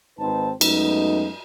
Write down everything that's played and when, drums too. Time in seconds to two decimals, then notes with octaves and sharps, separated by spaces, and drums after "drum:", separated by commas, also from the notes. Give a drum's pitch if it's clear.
0.20 G#1 C4 D#4 B4 C5 A5
0.61 F#2 G#3 A3 B3 D#4, drum: cymbal